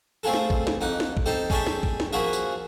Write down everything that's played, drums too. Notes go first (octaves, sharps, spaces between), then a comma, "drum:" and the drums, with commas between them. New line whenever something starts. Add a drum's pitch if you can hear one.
A3 C4 F4 G#4 A4
drum: snare
drum: kick G#1
drum: snare
F2 D#4 F#5 D6
drum: snare
drum: kick G#1
D#4 G4 A4 C5
C#4 G#4 A4 D5 E5 G5, drum: kick G#1
drum: snare
drum: kick G#1
drum: snare
F3 A#3 C#4 F#4 G#4 E5
drum: tambourine